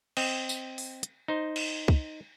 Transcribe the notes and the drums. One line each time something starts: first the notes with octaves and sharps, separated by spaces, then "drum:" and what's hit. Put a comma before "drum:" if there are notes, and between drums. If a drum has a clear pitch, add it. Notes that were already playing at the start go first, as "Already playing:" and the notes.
C4 D#5, drum: cymbal
drum: tambourine
drum: open hi-hat
drum: hi-hat
D#4 C5
drum: cymbal
drum: kick